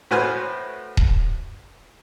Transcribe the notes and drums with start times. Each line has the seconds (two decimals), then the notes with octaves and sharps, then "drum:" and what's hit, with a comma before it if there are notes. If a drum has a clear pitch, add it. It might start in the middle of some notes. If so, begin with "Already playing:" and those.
0.11 A2 F#4 B4 C5 G#5 F6
0.97 drum: kick D#1